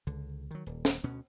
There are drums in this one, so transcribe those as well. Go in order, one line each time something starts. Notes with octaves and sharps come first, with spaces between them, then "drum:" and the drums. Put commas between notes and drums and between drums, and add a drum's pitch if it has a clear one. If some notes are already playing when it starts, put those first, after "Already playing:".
C#2 D3
D#3 F#3
D#1
drum: snare
D2 B2 B3 C#4